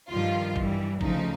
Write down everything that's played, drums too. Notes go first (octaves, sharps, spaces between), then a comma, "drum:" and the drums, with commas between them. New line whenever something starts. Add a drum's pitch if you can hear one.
G2 D#3 F3 G3 F4
G2 E3 G3, drum: kick A1
D2 C#3 F3 D#4, drum: kick A1